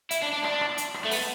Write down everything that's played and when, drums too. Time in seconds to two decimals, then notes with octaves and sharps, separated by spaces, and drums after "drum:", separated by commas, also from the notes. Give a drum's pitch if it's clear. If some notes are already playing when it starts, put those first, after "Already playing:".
0.11 E4, drum: hi-hat
0.22 D4
0.33 D4
0.44 D4, drum: rim click
0.61 drum: rim click
0.78 drum: hi-hat
0.94 drum: rim click
1.06 A3
1.11 B3, drum: open hi-hat